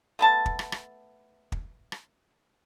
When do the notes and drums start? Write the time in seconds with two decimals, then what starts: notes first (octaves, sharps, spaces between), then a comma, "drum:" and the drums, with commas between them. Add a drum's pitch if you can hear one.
0.19 A3 B3 A5
0.46 drum: kick
0.59 drum: rim click
0.72 drum: rim click
1.52 drum: kick
1.92 drum: rim click